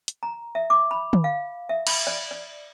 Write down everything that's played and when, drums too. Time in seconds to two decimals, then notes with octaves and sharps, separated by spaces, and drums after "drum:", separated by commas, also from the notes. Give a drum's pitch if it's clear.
0.08 drum: hi-hat
0.23 A#5
0.55 E5
0.70 D6
0.91 B5
1.13 drum: tom
1.24 F5
1.69 E5
1.87 B5, drum: cymbal
2.07 D5
2.31 D5